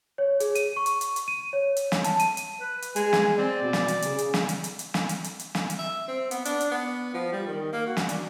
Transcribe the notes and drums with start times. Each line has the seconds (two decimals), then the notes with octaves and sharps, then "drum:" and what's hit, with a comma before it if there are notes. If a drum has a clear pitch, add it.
0.18 C#5
0.40 G#4, drum: hi-hat
0.55 D#7, drum: hi-hat
0.77 C#6
0.86 drum: hi-hat
1.01 drum: hi-hat
1.16 drum: hi-hat
1.28 D#7
1.53 C#5
1.77 drum: hi-hat
1.92 drum: snare
2.04 A5, drum: hi-hat
2.20 D#7, drum: hi-hat
2.37 drum: hi-hat
2.61 B4
2.82 drum: hi-hat
2.96 G#3 G#5, drum: hi-hat
3.13 drum: snare
3.38 C4 D5
3.62 B2
3.73 drum: snare
3.88 drum: hi-hat
4.02 C#3, drum: hi-hat
4.19 drum: hi-hat
4.34 drum: snare
4.49 drum: hi-hat
4.64 drum: hi-hat
4.79 drum: hi-hat
4.94 drum: snare
5.09 drum: hi-hat
5.24 drum: hi-hat
5.39 drum: hi-hat
5.55 drum: snare
5.70 drum: hi-hat
5.79 E5
6.08 C4
6.31 B3, drum: hi-hat
6.45 D4, drum: hi-hat
6.60 drum: hi-hat
6.71 B3
7.14 F3
7.33 G3
7.47 D#3
7.73 A#3
7.87 F#4
7.97 drum: snare
8.09 D4, drum: hi-hat